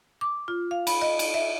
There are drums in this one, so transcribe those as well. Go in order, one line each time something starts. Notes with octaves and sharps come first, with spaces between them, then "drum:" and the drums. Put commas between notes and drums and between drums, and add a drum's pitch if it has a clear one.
D6
F4
F5
B5, drum: cymbal
D#5
drum: cymbal
E5